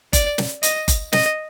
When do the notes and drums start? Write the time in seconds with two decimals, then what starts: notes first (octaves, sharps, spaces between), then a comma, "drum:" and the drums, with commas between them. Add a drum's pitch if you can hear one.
0.13 D5, drum: kick F#1, hi-hat
0.38 drum: snare
0.63 D#5, drum: hi-hat
0.88 drum: kick F#1, hi-hat
1.12 D#5, drum: snare